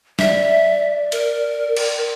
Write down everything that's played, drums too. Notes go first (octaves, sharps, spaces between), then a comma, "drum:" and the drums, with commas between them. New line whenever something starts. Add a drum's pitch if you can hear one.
D5 E5, drum: snare
A#4, drum: hi-hat
drum: cymbal